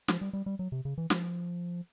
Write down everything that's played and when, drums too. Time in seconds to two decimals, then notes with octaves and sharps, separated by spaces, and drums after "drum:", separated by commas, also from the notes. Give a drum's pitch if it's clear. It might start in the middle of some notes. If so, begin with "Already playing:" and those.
0.08 F3, drum: snare
0.21 G3
0.33 G3
0.46 G3
0.59 F#3
0.72 C3
0.85 C#3
0.98 E3
1.10 F3, drum: snare